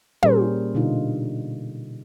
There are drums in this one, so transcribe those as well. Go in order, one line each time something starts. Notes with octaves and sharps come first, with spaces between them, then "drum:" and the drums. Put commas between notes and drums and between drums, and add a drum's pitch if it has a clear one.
A#2 G3 C#4 G#4 A#4 C5, drum: tom
B2 D3 D#4 F4